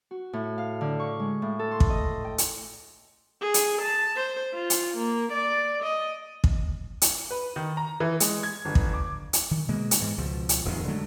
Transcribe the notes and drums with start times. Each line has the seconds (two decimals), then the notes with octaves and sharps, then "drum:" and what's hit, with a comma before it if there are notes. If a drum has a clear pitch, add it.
0.11 F#4
0.33 A2
0.58 F5
0.81 D3
1.00 C#6
1.19 G#3
1.42 A2
1.59 A4
1.71 C6
1.80 drum: kick
1.90 D#5
2.25 G5
2.38 drum: hi-hat
3.41 G#4
3.54 drum: hi-hat
3.82 A5
4.16 C5
4.54 F4
4.70 drum: hi-hat
4.97 A#3
5.32 D5
5.83 D#5
6.44 drum: kick
7.02 drum: hi-hat
7.31 B4
7.56 D#3
7.77 A#5
8.00 E3
8.20 G#3, drum: hi-hat
8.43 G#6
8.65 G1
8.75 drum: kick
8.94 D6
9.33 drum: hi-hat
9.51 D#3
9.69 B2 G#3 A#3
9.91 drum: hi-hat
10.00 G#2 E3
10.18 C#2 B2 F3
10.49 drum: hi-hat
10.65 D#1 F2 G#2 D#3
10.87 D3 F#3 G#3 A3